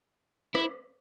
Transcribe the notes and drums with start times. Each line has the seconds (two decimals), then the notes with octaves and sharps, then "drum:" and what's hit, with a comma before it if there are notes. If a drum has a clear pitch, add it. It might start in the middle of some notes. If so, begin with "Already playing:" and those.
0.55 E4, drum: rim click